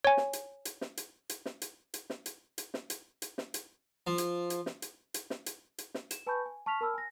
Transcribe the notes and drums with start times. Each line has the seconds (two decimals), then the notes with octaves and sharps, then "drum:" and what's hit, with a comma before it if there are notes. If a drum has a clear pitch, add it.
0.04 C#5 G#5
0.17 drum: snare
0.33 drum: hi-hat
0.65 drum: hi-hat
0.81 drum: snare
0.97 drum: hi-hat
1.29 drum: hi-hat
1.46 drum: snare
1.62 drum: hi-hat
1.94 drum: hi-hat
2.10 drum: snare
2.26 drum: hi-hat
2.58 drum: hi-hat
2.74 drum: snare
2.90 drum: hi-hat
3.22 drum: hi-hat
3.38 drum: snare
3.54 drum: hi-hat
4.07 F3
4.18 drum: hi-hat
4.50 drum: hi-hat
4.66 drum: snare
4.82 drum: hi-hat
5.14 drum: hi-hat
5.30 drum: snare
5.46 drum: hi-hat
5.78 drum: hi-hat
5.94 drum: snare
6.11 E7, drum: hi-hat
6.27 B4 G#5 A5 B5 C#6 G6
6.46 G#5
6.66 A5 C#6 F6 B6 F7
6.81 A#4 A5 B5 E6 F6
6.94 G#5 A#6